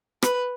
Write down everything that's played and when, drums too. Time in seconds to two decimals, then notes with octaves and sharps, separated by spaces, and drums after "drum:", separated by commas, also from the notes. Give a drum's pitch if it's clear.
0.22 B4, drum: rim click